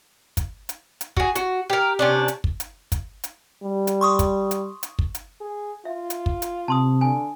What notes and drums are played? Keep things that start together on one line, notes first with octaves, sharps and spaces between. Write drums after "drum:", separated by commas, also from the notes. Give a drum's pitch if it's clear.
drum: kick, hi-hat
drum: hi-hat
drum: hi-hat
F#4 G#4, drum: kick
F#4, drum: hi-hat
G4 A#4
C3 C#4 D4
drum: hi-hat
drum: kick
drum: hi-hat
drum: kick, hi-hat
drum: hi-hat
G3
drum: hi-hat
C6 C#6 D#6
drum: kick, hi-hat
drum: hi-hat
drum: hi-hat
drum: kick
drum: hi-hat
G#4
F4 E5
drum: hi-hat
drum: kick
drum: hi-hat
C3 A5 C6 D#6
D3 G#5